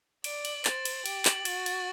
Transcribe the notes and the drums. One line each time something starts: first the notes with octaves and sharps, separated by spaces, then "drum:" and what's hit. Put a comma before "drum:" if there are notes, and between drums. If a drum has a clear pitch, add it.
D5 D7, drum: cymbal
F#7, drum: cymbal
C5 A6, drum: clap
A6, drum: cymbal
G4 D7, drum: cymbal
F#7, drum: clap
F#4 A6, drum: cymbal
A6, drum: cymbal